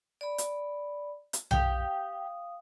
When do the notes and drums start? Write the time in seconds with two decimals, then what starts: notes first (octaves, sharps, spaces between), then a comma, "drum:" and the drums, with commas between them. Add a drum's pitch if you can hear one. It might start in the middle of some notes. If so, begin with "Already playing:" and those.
0.21 D5 B5
0.38 drum: hi-hat
1.33 drum: hi-hat
1.51 G4 F5 D#6, drum: tom B1